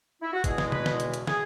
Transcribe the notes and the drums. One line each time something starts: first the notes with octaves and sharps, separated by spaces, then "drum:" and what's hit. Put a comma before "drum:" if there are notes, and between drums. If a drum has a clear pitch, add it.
E4
F#4
E2 B2 G#3 G#4, drum: kick G1, hi-hat
drum: snare
B4, drum: tom C3
drum: snare
drum: hi-hat
drum: hi-hat
G#4, drum: snare